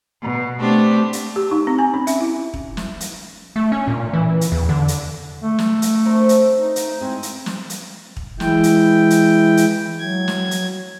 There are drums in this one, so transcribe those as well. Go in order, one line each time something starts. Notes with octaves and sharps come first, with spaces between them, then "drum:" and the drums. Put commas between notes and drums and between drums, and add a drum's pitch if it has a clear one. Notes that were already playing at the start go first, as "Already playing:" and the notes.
B2
A3 B3 C4 D4 G4
drum: hi-hat
G4
D#4
C4
G#5
C#4
E5, drum: hi-hat
E4
drum: kick
drum: snare
drum: hi-hat
A3
C#4
A#2
E3
drum: hi-hat
E2
D3
drum: hi-hat
A3
drum: snare
drum: hi-hat
C4 D4 A#4
drum: hi-hat
D#4
drum: hi-hat
G#3 C4 E4
drum: hi-hat
drum: snare
drum: hi-hat
drum: kick
E3 G#3 E4 G5, drum: snare
drum: hi-hat
drum: hi-hat
drum: hi-hat
F#3 G#6
drum: snare
drum: hi-hat